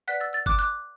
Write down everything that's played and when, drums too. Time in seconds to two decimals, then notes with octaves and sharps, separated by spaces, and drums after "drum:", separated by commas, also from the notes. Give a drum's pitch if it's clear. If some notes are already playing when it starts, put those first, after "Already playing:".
0.08 B4 D5 F#5 F#6 B6
0.20 E6 A6
0.33 E6 A6
0.46 D6 F#6, drum: kick
0.59 D6 F#6